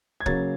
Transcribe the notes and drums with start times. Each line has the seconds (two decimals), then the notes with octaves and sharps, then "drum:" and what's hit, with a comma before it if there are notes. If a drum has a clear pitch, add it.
0.20 G#6
0.26 C#3 F#3 A#3 C#4 A6, drum: kick